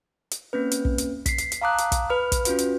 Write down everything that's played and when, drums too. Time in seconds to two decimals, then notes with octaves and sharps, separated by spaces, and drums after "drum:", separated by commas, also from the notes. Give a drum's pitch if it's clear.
0.31 drum: hi-hat
0.53 A#3 C4 C#4 B4
0.71 drum: hi-hat
0.85 drum: kick
0.98 drum: hi-hat
1.26 B6 C7, drum: kick, hi-hat
1.38 drum: hi-hat
1.52 drum: hi-hat
1.61 F5 A5 A#5 D6 D#6 F#6
1.78 drum: hi-hat
1.92 drum: kick, hi-hat
2.10 B4 B5 F6
2.32 drum: kick, hi-hat
2.45 C#4 F4 F#4 B4, drum: hi-hat
2.59 drum: hi-hat